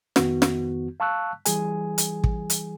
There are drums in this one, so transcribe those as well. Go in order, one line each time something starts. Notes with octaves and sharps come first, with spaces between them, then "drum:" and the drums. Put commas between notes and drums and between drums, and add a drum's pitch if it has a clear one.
F2 D#3 B3 F#4, drum: snare
drum: snare
F5 A5 C#6 E6 F#6
E3 G3 G#4 G#5, drum: hi-hat
drum: hi-hat
drum: kick
drum: hi-hat